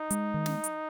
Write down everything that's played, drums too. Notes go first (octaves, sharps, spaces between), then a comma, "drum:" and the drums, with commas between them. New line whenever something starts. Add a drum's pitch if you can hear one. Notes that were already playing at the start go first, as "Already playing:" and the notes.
Already playing: D#4
G#3, drum: hi-hat
D#3
drum: snare
drum: hi-hat